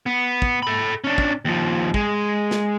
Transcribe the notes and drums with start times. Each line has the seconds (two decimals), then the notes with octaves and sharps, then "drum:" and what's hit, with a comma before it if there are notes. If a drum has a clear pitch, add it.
0.06 B3
0.42 drum: kick
0.63 A4 B5
1.04 C#4 D4
1.18 drum: kick
1.45 D#2 F3
1.94 G#3, drum: kick
2.51 drum: snare